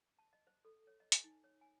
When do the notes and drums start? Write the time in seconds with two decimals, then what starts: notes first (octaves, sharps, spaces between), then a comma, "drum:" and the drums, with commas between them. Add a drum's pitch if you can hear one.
0.19 A5
0.33 D#5
0.47 C5
0.65 A4
0.87 C#5
1.00 D#5
1.12 G#5, drum: hi-hat
1.24 D#4
1.44 C#5
1.61 G#5